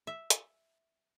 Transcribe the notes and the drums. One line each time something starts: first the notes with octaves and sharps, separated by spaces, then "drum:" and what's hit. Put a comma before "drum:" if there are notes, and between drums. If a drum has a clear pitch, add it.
E5
drum: hi-hat